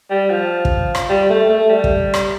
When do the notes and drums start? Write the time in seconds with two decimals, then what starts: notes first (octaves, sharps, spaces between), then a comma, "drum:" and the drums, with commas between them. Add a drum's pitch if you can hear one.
0.11 G3
0.30 F3
0.65 drum: kick
0.95 drum: rim click
1.10 G3
1.30 A3
1.49 A3
1.69 G3
1.84 drum: kick
2.14 drum: rim click